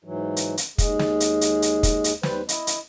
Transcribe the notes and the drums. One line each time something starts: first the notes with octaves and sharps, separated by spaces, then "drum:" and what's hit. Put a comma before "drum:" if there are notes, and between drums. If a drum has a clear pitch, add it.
G#2 E3 F#3
drum: hi-hat
drum: hi-hat
D#2 G#3 G#4, drum: kick, hi-hat
drum: snare
drum: hi-hat
drum: hi-hat
drum: hi-hat
drum: kick, hi-hat
drum: hi-hat
D#2 G3 B4 C5, drum: snare
E4 D#5, drum: hi-hat
drum: hi-hat